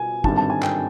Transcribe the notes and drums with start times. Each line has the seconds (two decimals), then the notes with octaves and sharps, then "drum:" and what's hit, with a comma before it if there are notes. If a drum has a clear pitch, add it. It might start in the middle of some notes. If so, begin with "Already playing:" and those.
Already playing: B2 G#5
0.24 G#1 G2 D3 G3 C4 A5, drum: kick
0.37 A5
0.50 G#5
0.63 G5, drum: clap